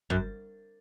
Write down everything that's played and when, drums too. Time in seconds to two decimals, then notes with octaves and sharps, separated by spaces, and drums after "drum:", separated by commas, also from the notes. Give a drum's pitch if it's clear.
0.10 F#2, drum: kick